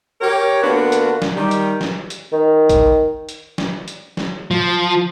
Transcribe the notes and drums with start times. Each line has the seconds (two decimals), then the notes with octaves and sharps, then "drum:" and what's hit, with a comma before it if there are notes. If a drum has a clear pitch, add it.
0.21 G4 A#4 C#5
0.63 D3 A#3 B3 D4 F4 F#4
0.92 drum: hi-hat
1.22 drum: snare
1.36 D#3 G3 G4
1.51 drum: hi-hat
1.81 drum: snare
2.10 drum: hi-hat
2.32 D#3
2.69 drum: kick A#1, hi-hat
3.29 drum: hi-hat
3.58 drum: snare
3.88 drum: hi-hat
4.17 drum: snare
4.51 F3